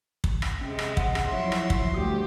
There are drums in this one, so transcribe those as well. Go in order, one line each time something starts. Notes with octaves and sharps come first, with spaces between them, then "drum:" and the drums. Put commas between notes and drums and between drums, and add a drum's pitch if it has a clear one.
drum: kick
drum: rim click
C3 G#3 C#4
drum: rim click
F#5, drum: kick
drum: rim click
F3 F#3 E4 C#5 E5 C6
drum: rim click
drum: kick
D2 G3 A3 F#4 G4 D#6